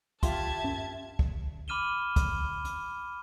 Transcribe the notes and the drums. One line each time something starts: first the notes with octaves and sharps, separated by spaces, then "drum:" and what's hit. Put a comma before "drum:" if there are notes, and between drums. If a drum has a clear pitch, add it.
F4 G4 E5 A5 C6 G#6, drum: kick, hi-hat
F#2
drum: kick
B5 D6 F6 D#7 E7 G7
drum: kick, hi-hat
drum: hi-hat